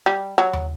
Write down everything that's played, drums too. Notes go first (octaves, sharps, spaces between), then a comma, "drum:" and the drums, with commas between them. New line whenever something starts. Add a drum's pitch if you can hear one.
G3
F#3
drum: tom D#2